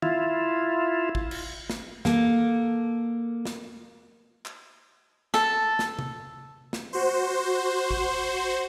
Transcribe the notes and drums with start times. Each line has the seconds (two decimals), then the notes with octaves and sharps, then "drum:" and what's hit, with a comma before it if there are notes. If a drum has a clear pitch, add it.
0.02 E4 F4, drum: tom
1.15 drum: kick
1.31 drum: cymbal
1.70 drum: snare
2.05 A#3 A4, drum: snare
3.45 drum: snare
4.46 drum: clap
5.34 A4, drum: snare
5.79 drum: snare
5.99 drum: tom C3
6.73 drum: snare
6.93 F#4 C5
7.91 drum: kick